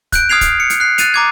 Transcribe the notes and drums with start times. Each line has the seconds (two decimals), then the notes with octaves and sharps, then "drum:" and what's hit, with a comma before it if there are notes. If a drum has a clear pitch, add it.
0.12 F#6 G6 D7, drum: kick, hi-hat
0.29 D#6 F6 G#6 C7 F7
0.41 drum: kick, hi-hat
0.60 C#7
0.70 drum: hi-hat
0.80 F#6 C7
0.98 F#6 A6 D#7 F7, drum: hi-hat
1.14 A#5 D6 G#6